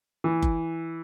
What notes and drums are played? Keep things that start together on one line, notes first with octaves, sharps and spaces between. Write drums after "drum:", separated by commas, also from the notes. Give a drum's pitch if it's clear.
E3
drum: kick F#1